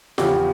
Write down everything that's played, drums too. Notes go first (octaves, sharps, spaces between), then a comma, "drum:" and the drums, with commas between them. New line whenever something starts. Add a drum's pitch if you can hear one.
E2 C#3 F3 G4, drum: snare F4